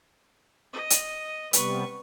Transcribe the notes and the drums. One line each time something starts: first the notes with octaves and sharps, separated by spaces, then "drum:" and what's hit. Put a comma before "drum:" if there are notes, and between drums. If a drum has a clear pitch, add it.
D#5
drum: hi-hat
C3 G3 B3 B4 C#6, drum: hi-hat